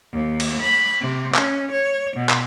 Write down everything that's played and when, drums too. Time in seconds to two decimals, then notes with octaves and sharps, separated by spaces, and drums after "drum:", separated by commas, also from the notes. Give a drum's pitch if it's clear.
0.13 D#2
0.40 drum: cymbal
0.61 B5
1.00 C3
1.35 C#4, drum: clap
1.70 C#5
2.16 B2
2.29 drum: clap